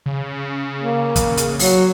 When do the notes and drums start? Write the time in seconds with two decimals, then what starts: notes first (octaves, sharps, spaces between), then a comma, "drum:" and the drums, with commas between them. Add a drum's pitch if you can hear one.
0.06 C#3
0.78 A#3
1.16 drum: kick, hi-hat
1.38 drum: hi-hat
1.59 F#3, drum: open hi-hat